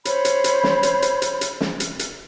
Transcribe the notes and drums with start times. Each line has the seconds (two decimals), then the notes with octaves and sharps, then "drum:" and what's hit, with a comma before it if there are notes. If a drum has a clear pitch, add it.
0.05 C5 C#5 B5, drum: hi-hat
0.25 drum: hi-hat
0.44 drum: hi-hat
0.64 drum: snare
0.83 drum: hi-hat
1.02 drum: hi-hat
1.22 drum: hi-hat
1.41 drum: hi-hat
1.61 drum: snare
1.80 drum: hi-hat
1.99 drum: hi-hat